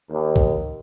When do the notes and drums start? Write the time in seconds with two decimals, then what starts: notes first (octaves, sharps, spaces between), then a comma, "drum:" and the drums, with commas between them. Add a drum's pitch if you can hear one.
0.10 D#2
0.36 drum: kick B1